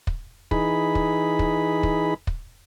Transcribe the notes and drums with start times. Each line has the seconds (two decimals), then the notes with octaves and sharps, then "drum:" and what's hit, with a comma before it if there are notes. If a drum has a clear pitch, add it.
0.07 drum: kick
0.51 E3 D#4 G#4 B5, drum: kick
0.95 drum: kick
1.39 drum: kick
1.83 drum: kick
2.27 drum: kick